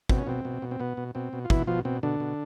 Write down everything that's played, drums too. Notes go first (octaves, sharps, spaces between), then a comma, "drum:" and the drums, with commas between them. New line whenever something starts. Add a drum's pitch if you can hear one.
B2 C4, drum: kick
C#4
B2 C4
B2
B2
C4
B2 B3
B2
B2 C4
B2
F4
B2 E3 E4, drum: kick
B2 F3 F4
B2 C4
B2 D3 D4
B2